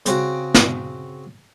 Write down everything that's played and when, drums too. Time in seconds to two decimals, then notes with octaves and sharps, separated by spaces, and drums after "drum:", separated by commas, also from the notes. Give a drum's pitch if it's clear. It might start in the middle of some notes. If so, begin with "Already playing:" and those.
0.06 C#3 C4 F#4, drum: hi-hat
0.54 drum: snare